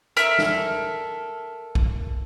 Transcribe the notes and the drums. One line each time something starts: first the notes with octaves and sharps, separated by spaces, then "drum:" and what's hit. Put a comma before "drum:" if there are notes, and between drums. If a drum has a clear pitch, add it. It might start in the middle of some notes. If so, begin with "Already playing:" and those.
A4 A#4 E5 F6, drum: hi-hat
drum: snare
drum: kick